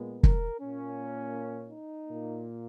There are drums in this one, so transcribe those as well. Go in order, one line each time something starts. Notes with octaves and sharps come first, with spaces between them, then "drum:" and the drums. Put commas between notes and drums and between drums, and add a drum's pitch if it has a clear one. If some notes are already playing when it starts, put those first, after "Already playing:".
Already playing: A#2 G#3 B3
A#4, drum: kick
A#2 A#3 C#4
D#4
A#2 A#3